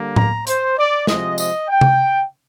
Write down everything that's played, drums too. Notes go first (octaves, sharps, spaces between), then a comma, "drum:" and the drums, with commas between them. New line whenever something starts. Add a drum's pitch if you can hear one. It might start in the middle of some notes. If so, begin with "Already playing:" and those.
Already playing: D3 G3 A#3
A#5, drum: tom A2
C5, drum: hi-hat
D5
C3 F3 G#3 D#5, drum: snare
D#5, drum: tambourine
G5
drum: tom C3